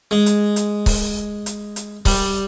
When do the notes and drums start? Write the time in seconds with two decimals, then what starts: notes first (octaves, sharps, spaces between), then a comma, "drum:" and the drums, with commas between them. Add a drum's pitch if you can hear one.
0.11 G#3
0.26 drum: hi-hat
0.56 drum: hi-hat
0.86 drum: kick C#1, open hi-hat
1.46 drum: hi-hat
1.76 drum: hi-hat
2.05 G3, drum: kick C#1, open hi-hat